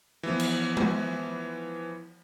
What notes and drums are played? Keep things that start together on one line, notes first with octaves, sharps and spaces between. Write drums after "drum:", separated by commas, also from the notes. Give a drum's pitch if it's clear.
E3 F3 B3
drum: cymbal
drum: tom G#3